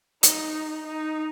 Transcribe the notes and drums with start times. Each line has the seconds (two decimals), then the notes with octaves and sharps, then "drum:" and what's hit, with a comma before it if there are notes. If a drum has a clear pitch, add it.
0.23 D#4, drum: hi-hat
0.87 D#4